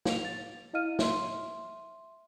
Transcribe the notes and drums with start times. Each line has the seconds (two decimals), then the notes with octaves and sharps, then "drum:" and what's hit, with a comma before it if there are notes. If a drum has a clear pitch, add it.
0.05 F5 F7, drum: snare
0.25 A6
0.73 E4 D#5 F5 F6 D#7
0.99 E5 C6, drum: snare